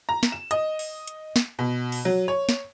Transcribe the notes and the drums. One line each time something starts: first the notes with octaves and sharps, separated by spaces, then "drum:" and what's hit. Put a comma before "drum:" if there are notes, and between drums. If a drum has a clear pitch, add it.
A#5
drum: snare
E7
D#5, drum: hi-hat
drum: open hi-hat
drum: hi-hat
drum: snare
B2
drum: open hi-hat
F#3
C#5
drum: snare